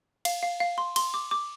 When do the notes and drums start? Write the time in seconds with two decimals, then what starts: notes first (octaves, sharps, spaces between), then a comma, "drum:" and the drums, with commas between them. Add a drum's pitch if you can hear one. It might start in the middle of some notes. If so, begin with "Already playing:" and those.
0.25 F5, drum: cymbal
0.43 F5
0.60 F5
0.78 C6
0.96 C6, drum: cymbal
1.14 D6
1.31 D6